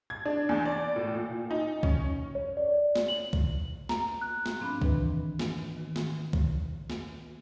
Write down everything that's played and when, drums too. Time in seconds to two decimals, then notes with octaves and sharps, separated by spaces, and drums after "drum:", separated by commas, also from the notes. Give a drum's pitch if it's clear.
0.10 G#6
0.25 D4
0.49 E2
0.65 D5
0.96 A2
1.15 A#2
1.51 D#4
1.83 C#4, drum: kick
2.35 C#5
2.57 D5
2.96 drum: snare
3.08 F#7
3.33 drum: kick
3.89 A#5, drum: snare
4.22 F#6
4.46 drum: snare
4.60 G#2 F3 C4 D4 B5
4.82 D#3 E3 B4, drum: kick
5.39 drum: snare
5.77 D#3
5.96 drum: snare
6.33 drum: kick
6.90 drum: snare